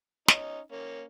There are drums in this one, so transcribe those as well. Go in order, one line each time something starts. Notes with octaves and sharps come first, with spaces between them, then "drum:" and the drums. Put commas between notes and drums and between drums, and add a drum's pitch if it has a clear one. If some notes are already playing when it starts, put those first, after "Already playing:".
C#4 D#4, drum: snare
A#3 C#4